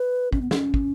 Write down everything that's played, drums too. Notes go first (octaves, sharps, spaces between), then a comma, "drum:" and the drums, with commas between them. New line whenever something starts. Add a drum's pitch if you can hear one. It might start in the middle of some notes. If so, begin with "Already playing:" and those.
Already playing: B4
C#4, drum: kick
B3
C#4, drum: snare
drum: kick